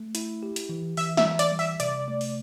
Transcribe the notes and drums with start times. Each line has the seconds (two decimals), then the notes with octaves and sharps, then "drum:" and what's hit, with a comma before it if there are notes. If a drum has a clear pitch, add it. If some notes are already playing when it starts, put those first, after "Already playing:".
Already playing: A3
0.15 E4, drum: hi-hat
0.43 G4
0.56 drum: hi-hat
0.69 E3
0.97 E3 E5, drum: open hi-hat
1.17 E5, drum: snare
1.25 E3
1.39 D5, drum: hi-hat
1.52 G3
1.59 E5, drum: open hi-hat
1.80 C3 D5, drum: hi-hat
2.08 A3
2.21 drum: open hi-hat